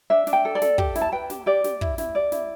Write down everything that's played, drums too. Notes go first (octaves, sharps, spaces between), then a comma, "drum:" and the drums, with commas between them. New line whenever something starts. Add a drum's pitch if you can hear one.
D4 E5
D4, drum: snare
G5
A4
D5
A4, drum: snare
G4, drum: kick
E4, drum: snare
A5
B4 G5
G4, drum: snare
G4 D5
G4, drum: snare
E4, drum: kick
E4, drum: snare
G4 D5
E4, drum: snare